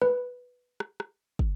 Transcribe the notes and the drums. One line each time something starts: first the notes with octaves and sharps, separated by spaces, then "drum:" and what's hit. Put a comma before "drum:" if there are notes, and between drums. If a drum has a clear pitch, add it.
B4
drum: rim click
drum: rim click
drum: kick